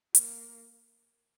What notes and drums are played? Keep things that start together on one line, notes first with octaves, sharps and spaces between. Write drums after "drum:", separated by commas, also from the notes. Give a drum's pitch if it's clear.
A#3, drum: hi-hat